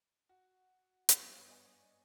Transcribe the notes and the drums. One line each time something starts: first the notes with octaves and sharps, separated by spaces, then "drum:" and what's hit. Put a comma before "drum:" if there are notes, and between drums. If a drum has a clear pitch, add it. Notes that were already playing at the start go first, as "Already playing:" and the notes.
F#4
G2 B3 A#4 C#5 E5 B5, drum: hi-hat
D5 D#5 G#5